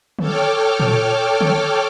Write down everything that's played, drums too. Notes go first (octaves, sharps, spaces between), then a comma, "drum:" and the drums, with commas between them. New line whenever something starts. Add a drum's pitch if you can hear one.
A4 C#5 G5 D6 F6, drum: tom D3
drum: tom A#2
drum: tom D3